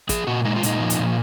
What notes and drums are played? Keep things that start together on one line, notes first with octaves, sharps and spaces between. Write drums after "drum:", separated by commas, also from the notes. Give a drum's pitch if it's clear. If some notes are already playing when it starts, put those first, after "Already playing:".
F3 G#4, drum: kick, hi-hat
A#2 F#4
G#3 D#4
F4
A#2 D#4, drum: hi-hat
F3
drum: hi-hat
A#2